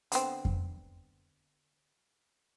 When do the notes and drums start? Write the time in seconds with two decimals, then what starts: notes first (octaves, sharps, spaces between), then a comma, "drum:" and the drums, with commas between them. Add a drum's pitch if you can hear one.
0.12 D3 B3 C4, drum: hi-hat
0.45 drum: kick F2